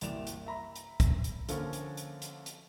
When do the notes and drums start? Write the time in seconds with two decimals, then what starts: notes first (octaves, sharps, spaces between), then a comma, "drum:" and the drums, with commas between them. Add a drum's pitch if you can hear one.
0.01 F#1 C2 E3 D5 E7 F7, drum: hi-hat
0.27 drum: hi-hat
0.46 E5 A#5 B5
0.75 drum: hi-hat
1.00 drum: kick, hi-hat
1.24 drum: hi-hat
1.49 D3 F3 A#3 C#4, drum: hi-hat
1.73 drum: hi-hat
1.97 drum: hi-hat
2.22 drum: hi-hat
2.46 drum: hi-hat